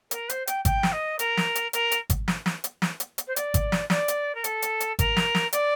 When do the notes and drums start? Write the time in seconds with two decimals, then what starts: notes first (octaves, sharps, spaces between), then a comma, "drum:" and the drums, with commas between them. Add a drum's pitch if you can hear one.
0.11 A#4, drum: hi-hat
0.29 C5, drum: hi-hat
0.47 G5, drum: hi-hat
0.65 G5, drum: kick G#1, hi-hat
0.83 drum: snare
0.92 D#5
1.19 A#4, drum: hi-hat
1.37 drum: snare
1.55 drum: hi-hat
1.73 A#4, drum: hi-hat
1.92 drum: hi-hat
2.10 drum: kick G#1, hi-hat
2.28 drum: snare
2.46 drum: snare
2.64 drum: hi-hat
2.82 drum: snare
3.00 drum: hi-hat
3.18 drum: hi-hat
3.27 C5
3.36 D5, drum: hi-hat
3.54 drum: kick G#1, hi-hat
3.72 drum: snare
3.90 D5, drum: snare
4.08 drum: hi-hat
4.35 A#4
4.44 A4, drum: hi-hat
4.62 drum: hi-hat
4.80 drum: hi-hat
4.99 A#4, drum: kick G#1, hi-hat
5.17 drum: snare
5.35 drum: snare
5.53 D5, drum: hi-hat